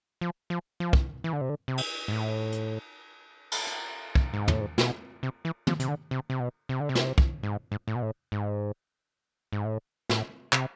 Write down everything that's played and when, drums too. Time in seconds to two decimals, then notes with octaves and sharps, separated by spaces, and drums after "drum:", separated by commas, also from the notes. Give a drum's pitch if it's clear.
0.21 F3
0.50 F3
0.80 F3
0.93 drum: kick
1.24 E3
1.33 D3
1.41 C3
1.49 D3
1.68 C3
1.78 drum: cymbal
2.08 G#2
2.12 A2
2.52 drum: hi-hat
3.52 drum: cymbal
3.67 drum: hi-hat
4.15 drum: kick
4.33 G#2
4.48 A2, drum: tom
4.61 G#2
4.78 B2, drum: snare
5.23 C3
5.45 E3
5.67 F3, drum: tom
5.80 C3, drum: hi-hat
5.88 D3
6.11 C3
6.30 C3
6.40 B2
6.69 C3
6.80 D3
6.89 C3
6.95 B2, drum: snare
6.99 C3
7.18 drum: kick
7.43 G#2
7.72 G#2
7.88 A2
7.95 B2
8.02 A2
8.32 G#2
9.53 G#2
9.65 A2
10.10 A2, drum: snare
10.53 C3, drum: clap